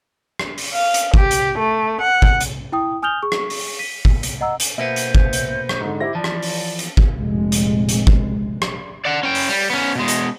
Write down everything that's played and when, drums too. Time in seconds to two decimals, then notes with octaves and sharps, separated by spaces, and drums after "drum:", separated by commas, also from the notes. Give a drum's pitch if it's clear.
0.39 drum: rim click
0.58 drum: open hi-hat
0.73 F5
0.94 drum: hi-hat
1.14 G4, drum: kick G1
1.31 drum: hi-hat
1.58 A3
2.01 F#5
2.22 drum: kick G1
2.40 drum: hi-hat
2.72 E4 G5 D#6
3.02 G#5 D#6 F6 G6 F7 G7
3.23 G#4 C#6
3.32 drum: rim click
3.50 drum: open hi-hat
3.79 B6 D#7
4.05 drum: kick G1
4.23 drum: hi-hat
4.41 D#5 F#5 A#5 E6
4.60 drum: hi-hat
4.78 B2 A#3 B3 C5 E5
4.96 drum: hi-hat
5.15 drum: kick G1
5.33 drum: hi-hat
5.69 drum: rim click
5.81 G#2 D3
6.00 E4 G4 C5 A#6
6.15 E3 F3 D5 A5
6.24 drum: rim click
6.42 drum: open hi-hat
6.79 drum: hi-hat
6.97 drum: kick G1
7.19 F1 A#2 G#3
7.52 drum: hi-hat
7.89 drum: hi-hat
8.07 drum: kick G1
8.62 drum: rim click
9.05 D5 F#5
9.23 C#4 G5
9.35 drum: open hi-hat
9.49 G3
9.70 B3 C#4
9.95 B2 G#3
10.08 drum: hi-hat